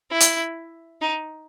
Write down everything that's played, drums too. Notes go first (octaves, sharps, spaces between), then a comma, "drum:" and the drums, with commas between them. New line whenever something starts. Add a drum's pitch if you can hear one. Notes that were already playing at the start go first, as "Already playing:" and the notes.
E4
drum: hi-hat
D#4